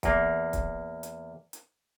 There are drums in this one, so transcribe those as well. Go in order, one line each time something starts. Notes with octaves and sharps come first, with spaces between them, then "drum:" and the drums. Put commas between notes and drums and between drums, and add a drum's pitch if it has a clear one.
E2 A#3, drum: kick, hi-hat
drum: kick, hi-hat
drum: hi-hat
drum: hi-hat